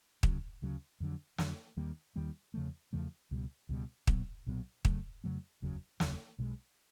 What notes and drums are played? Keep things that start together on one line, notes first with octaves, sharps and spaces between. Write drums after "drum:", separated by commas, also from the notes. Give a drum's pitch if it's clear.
D2 C#3 F#3, drum: kick
D2 C#3 F#3
F2 D3 F#3
F2 D3 F#3, drum: snare
D#2 D#3 G3 A#3
D#2 D#3 G3 A#3
E2 C#3 F3 A3
E2 C#3 F3 A3
C#2 B2 G3
C#2 B2 G3
B1 A#2 F#3 B3, drum: kick
B1 A#2 F#3 B3
F2 C#3 F#3 A3, drum: kick
F2 C#3 F#3 A3
F1 D#2 C#3 F#3
F1 D#2 C#3 F#3, drum: snare
B1 B2 G#3